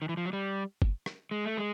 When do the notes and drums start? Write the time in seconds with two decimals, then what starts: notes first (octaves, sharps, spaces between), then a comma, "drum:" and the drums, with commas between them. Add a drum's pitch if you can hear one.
0.02 D#3
0.09 E3
0.17 F3
0.25 F#3
0.33 G3
0.82 drum: kick
1.06 drum: rim click
1.31 G#3
1.44 A3
1.57 G#3